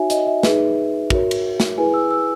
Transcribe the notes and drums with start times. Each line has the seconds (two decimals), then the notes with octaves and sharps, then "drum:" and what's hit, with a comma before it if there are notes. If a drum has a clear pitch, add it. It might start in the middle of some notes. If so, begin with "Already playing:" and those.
Already playing: D#4 F#4 C#5 E5 G#5
0.10 D#5, drum: hi-hat
0.27 E5
0.43 D#4 G#4 B4, drum: snare
1.10 F#4 A#4 C#5, drum: kick
1.31 drum: cymbal
1.60 drum: snare
1.78 E4 G#4 B4 G#5
1.94 E6
2.11 E6